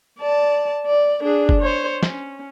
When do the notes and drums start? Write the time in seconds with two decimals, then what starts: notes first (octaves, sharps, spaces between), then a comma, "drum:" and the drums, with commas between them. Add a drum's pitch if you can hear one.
0.19 D5 A5
0.86 D5
1.23 D4 G#4
1.49 drum: kick F#1
1.61 C5 C#5
2.03 C#4, drum: snare